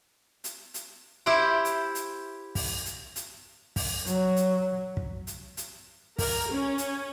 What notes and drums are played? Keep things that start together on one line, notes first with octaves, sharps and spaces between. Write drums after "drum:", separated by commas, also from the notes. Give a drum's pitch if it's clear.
drum: hi-hat
drum: hi-hat
E4 G4 C5 G5
drum: hi-hat
drum: hi-hat
drum: kick, open hi-hat
drum: hi-hat
drum: hi-hat
drum: kick, open hi-hat
F#3, drum: hi-hat
drum: hi-hat
drum: kick
drum: hi-hat
drum: hi-hat
A#4, drum: kick, open hi-hat
C#4
drum: hi-hat